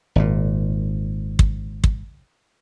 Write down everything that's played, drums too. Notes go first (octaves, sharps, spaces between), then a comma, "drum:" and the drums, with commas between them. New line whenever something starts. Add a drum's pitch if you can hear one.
G#1 A#2
drum: kick
drum: kick